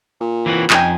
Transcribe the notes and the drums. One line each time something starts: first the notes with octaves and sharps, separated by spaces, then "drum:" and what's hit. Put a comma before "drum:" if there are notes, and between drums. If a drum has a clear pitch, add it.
A#2
E3 C4 F#4
F2 C#4 D#4 G5 G#5, drum: clap